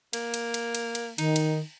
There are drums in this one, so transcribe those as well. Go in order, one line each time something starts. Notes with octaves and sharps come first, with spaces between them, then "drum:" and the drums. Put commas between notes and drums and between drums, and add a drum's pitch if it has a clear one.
A#3, drum: cymbal
drum: cymbal
drum: cymbal
drum: cymbal
drum: cymbal
D#3 D#4, drum: cymbal
drum: cymbal